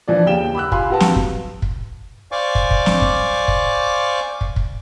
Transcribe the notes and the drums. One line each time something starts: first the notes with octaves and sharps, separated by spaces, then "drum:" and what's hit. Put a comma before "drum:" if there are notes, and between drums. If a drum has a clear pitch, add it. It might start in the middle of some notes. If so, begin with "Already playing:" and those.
E3 F3 D4 D5
D#2 C#3 G4 G5 E7 G7
B5 D6 E6 F#6
F4 G4 F5 G#5 B5 C6, drum: kick
F#4 G4 B4 F#5 A5 E6
drum: snare
drum: kick
drum: kick
C5 D5 F5 G#5 C#6 D6
drum: kick
drum: kick
drum: snare
drum: kick
drum: kick
drum: kick
drum: kick